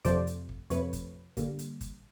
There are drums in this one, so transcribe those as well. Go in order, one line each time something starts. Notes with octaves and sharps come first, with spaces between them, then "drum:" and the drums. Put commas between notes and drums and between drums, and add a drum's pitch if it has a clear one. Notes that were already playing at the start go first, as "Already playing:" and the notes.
F2 C3 F3 A3 C5 D5, drum: kick, hi-hat
drum: hi-hat
drum: kick
F2 C3 F3 A3 B4 C#5, drum: hi-hat
drum: kick, hi-hat
G2 D3 G3 A#3, drum: kick, hi-hat
drum: hi-hat
drum: kick, hi-hat